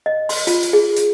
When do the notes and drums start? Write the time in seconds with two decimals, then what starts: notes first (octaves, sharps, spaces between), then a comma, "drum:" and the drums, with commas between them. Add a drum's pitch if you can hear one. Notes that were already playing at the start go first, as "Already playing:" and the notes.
0.06 D#5
0.29 C6, drum: open hi-hat
0.47 F4, drum: hi-hat
0.63 drum: hi-hat
0.73 G#4
0.96 drum: hi-hat